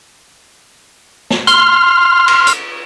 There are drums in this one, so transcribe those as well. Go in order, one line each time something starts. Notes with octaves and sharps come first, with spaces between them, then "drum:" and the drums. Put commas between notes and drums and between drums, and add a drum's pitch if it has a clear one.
drum: snare
C6 F6, drum: hi-hat
drum: cymbal
drum: hi-hat